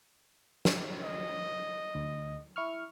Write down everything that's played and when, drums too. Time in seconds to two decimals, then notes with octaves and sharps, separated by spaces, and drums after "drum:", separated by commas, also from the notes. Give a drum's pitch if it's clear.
0.65 drum: snare
1.02 D#5
1.95 D2
2.56 E4 C#6 F6